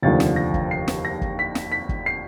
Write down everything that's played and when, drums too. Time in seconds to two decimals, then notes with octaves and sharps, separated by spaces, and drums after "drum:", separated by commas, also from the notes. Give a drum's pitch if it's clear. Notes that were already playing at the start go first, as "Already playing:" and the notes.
0.02 F1 D#2 D3 F3 A6
0.20 drum: snare
0.36 A#6
0.54 drum: kick
0.71 C7
0.88 drum: snare
1.05 A#6
1.21 drum: kick
1.39 B6
1.55 drum: snare
1.72 B6
1.89 drum: kick
2.06 C7